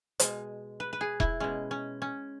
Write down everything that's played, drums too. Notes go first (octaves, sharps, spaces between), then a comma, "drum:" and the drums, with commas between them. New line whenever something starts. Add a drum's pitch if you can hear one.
B2 G#3, drum: hi-hat
B4
B4
G#4
E4, drum: kick E1
B2 G#3 C#4
C#4
C#4